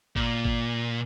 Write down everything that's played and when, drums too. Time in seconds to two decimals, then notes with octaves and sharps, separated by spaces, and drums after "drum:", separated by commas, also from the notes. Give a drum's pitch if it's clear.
0.16 A#2, drum: kick G#1
0.45 drum: kick G#1